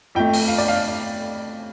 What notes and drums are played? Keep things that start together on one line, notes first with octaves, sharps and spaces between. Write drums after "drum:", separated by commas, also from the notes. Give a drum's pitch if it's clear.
F2 F3 A3 G5
drum: open hi-hat
F5
D5
F5